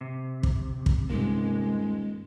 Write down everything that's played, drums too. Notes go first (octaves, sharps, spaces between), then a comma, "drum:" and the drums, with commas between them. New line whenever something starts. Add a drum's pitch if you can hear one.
C3
drum: kick
drum: kick
D#1 G2 G#3 A#3